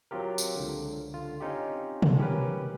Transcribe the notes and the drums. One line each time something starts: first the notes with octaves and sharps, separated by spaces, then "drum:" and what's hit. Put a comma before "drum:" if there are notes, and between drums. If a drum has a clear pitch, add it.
F#3 C4 F4 G4 A#4
drum: tambourine
C#2 D3
D3 F4
C4 C#4 D#4 F4 G4
drum: tom B2
C#4 G4 A#4 B4